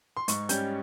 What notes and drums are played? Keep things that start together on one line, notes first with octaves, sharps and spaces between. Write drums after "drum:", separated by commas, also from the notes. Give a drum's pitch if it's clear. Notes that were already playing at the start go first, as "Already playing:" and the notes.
C6
G#2 C#6, drum: hi-hat
G3 C#4 G6, drum: hi-hat